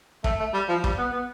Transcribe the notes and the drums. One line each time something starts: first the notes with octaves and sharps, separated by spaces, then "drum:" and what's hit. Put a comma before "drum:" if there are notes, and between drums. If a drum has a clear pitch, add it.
A3, drum: kick
A3
G3
F3
G3, drum: kick
B3
B3